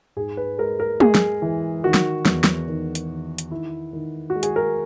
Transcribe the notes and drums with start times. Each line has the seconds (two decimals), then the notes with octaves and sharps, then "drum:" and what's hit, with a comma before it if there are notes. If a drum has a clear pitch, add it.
0.16 G#2 G#4
0.37 B4
0.58 G#3 A#4
0.80 A#4
1.00 G#3 G#4, drum: tom G#3
1.15 drum: snare
1.42 E3
1.84 D#3 F#4
1.94 drum: snare
2.26 E2, drum: snare
2.44 drum: snare
2.68 D#3
2.95 drum: hi-hat
3.09 D#3
3.38 drum: hi-hat
3.51 D#3 E4
3.93 D#3
4.30 F#4
4.35 G#3
4.43 G#4, drum: hi-hat
4.56 A#4